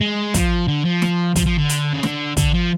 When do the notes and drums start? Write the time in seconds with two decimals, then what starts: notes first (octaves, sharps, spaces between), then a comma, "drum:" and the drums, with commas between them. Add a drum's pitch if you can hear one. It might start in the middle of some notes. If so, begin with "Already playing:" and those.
0.01 G#3
0.34 F3, drum: kick, hi-hat
0.68 D3
0.85 F3
1.02 drum: snare
1.36 F3, drum: kick, hi-hat
1.46 F3
1.58 D3
1.69 drum: hi-hat
1.93 C#3
2.03 D3, drum: snare
2.37 D3, drum: kick, hi-hat
2.54 F3